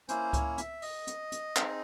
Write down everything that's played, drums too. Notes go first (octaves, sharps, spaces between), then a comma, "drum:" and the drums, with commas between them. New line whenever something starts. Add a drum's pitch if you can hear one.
A#3 C#4 E4 C5, drum: hi-hat
C#5, drum: kick C#2, hi-hat
E5, drum: hi-hat
D#5, drum: open hi-hat
drum: hi-hat
drum: hi-hat
C4 D#4 G#4, drum: clap